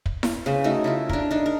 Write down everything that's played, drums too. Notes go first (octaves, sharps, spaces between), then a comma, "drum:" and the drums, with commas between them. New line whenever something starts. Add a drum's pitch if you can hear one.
drum: kick
drum: snare E4
C#3 B4 C5
A3 D#4 F#4 A#4
C#3 E4 F4
D4 A#4, drum: kick
D4 D#4
A#4